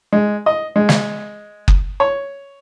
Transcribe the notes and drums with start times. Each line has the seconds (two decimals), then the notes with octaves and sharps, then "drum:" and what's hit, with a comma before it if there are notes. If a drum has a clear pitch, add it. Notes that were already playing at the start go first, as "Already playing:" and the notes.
0.13 G#3
0.46 D#5
0.76 G#3
0.89 drum: snare
1.68 drum: kick F#1
2.00 C#5